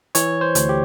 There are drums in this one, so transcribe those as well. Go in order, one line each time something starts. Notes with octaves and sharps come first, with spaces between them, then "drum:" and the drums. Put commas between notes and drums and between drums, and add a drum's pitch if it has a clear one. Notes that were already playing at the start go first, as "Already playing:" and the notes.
E3 C#5, drum: hi-hat
C5
D2, drum: hi-hat
G4